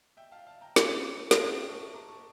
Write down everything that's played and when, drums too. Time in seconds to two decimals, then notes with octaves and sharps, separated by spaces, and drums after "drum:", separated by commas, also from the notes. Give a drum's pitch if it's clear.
0.17 E5 G5
0.31 F5 A5
0.47 F5 A5
0.61 G5 A#5
0.76 F5 A5, drum: snare
1.31 drum: snare
1.49 E5 G5
1.59 E5 G5
1.69 A5 C#6
1.79 A5 C#6
1.94 A#5 D6
2.09 A5 C#6